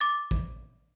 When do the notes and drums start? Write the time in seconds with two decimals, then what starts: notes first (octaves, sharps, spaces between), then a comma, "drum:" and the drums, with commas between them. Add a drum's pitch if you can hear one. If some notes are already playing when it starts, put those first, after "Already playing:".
0.01 D6 A6
0.31 drum: kick